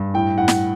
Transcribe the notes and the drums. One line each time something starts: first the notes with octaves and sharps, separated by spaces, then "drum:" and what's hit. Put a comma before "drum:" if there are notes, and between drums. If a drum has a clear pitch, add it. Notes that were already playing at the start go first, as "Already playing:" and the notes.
Already playing: G2
A2 G5
A2 F#5
drum: snare